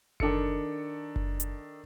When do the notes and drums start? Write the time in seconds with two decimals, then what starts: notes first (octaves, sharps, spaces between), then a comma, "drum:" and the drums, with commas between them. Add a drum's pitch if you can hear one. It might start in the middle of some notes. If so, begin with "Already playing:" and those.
0.20 D#3 D4 A4 C#7, drum: kick F#1
1.16 drum: kick F#1
1.40 drum: hi-hat